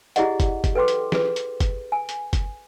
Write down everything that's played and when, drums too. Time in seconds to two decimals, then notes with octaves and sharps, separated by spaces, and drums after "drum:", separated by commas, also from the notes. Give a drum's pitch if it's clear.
0.16 E4 G4 G#4 D5 D#5 F#5, drum: hi-hat
0.40 drum: kick, hi-hat
0.64 drum: kick, hi-hat
0.75 A4 B4 G5 C6 D6
0.88 drum: hi-hat
1.12 G#4 B4, drum: snare
1.36 drum: hi-hat
1.60 drum: kick, hi-hat
1.92 G#5
2.09 drum: hi-hat
2.33 drum: kick, hi-hat